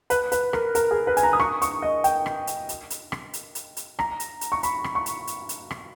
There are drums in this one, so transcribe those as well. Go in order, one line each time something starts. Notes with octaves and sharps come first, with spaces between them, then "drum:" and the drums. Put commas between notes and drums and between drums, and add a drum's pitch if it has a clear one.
B4, drum: hi-hat
B4, drum: hi-hat
A#4, drum: rim click
A#4, drum: hi-hat
G#4
B4
G#5, drum: hi-hat
A#5
D#6
C#6, drum: rim click
C#6, drum: hi-hat
D#5
G5, drum: hi-hat
drum: rim click
drum: hi-hat
drum: hi-hat
drum: hi-hat
drum: rim click
drum: hi-hat
drum: hi-hat
drum: hi-hat
A#5, drum: rim click
drum: hi-hat
drum: hi-hat
C#6
B5, drum: hi-hat
drum: rim click
C#6
drum: hi-hat
drum: hi-hat
drum: hi-hat
drum: rim click